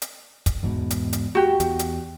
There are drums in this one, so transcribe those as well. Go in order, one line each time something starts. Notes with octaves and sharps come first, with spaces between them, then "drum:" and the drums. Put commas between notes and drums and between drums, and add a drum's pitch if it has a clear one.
drum: hi-hat
drum: kick, hi-hat
E2 G#2 B2
drum: hi-hat
drum: hi-hat
F#4 G4
E2, drum: hi-hat
drum: hi-hat